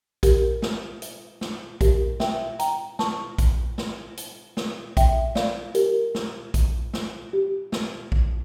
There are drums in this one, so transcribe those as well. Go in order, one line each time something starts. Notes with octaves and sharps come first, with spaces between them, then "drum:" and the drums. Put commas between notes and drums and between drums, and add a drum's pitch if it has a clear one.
G4 A#4, drum: kick A#1, hi-hat
drum: snare
drum: hi-hat
drum: snare
G4 A#4, drum: kick A#1, hi-hat
E5 G5, drum: snare
G5 A#5, drum: hi-hat
A5 C#6, drum: snare
drum: kick A#1, hi-hat
drum: snare
drum: hi-hat
drum: snare
E5 G5, drum: kick A#1, hi-hat
D5 F5, drum: snare
G4 A#4, drum: hi-hat
drum: snare
drum: kick A#1, hi-hat
drum: snare
G4
drum: snare
drum: kick A#1